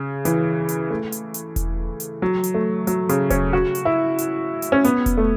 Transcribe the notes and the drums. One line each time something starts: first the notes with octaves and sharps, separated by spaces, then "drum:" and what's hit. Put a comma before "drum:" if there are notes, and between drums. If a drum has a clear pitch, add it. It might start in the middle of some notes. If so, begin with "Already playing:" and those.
Already playing: C#3
E3, drum: hi-hat
drum: hi-hat
A3
drum: hi-hat
drum: hi-hat
drum: kick E1, hi-hat
drum: hi-hat
F#3
drum: hi-hat
A3
F#3, drum: hi-hat
C#3, drum: hi-hat
C#4, drum: kick E1, hi-hat
F#4
drum: hi-hat
E4
drum: hi-hat
drum: hi-hat
C#4
B3, drum: hi-hat
drum: kick E1, hi-hat
A3